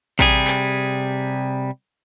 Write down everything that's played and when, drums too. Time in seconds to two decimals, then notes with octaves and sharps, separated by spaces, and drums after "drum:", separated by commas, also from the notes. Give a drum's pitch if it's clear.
0.19 C3 G3 G#4, drum: kick
0.47 drum: clap